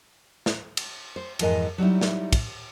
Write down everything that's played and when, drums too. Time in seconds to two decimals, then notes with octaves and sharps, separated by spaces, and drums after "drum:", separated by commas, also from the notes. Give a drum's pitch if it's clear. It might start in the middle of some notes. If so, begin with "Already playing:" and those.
0.46 drum: snare
0.77 drum: cymbal
1.16 C5
1.39 F2 G#2 E3 A#4 D#5 G#5, drum: cymbal
1.78 F#3 G3 D#4 E4
2.01 drum: snare
2.33 drum: kick, cymbal